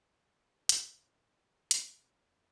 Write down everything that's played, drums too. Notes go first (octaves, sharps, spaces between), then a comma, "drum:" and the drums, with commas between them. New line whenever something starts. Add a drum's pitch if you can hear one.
D1 D#2 A#2 D4, drum: hi-hat
A2 C3 E3
A2 A#3
D#3
drum: hi-hat
F2 E3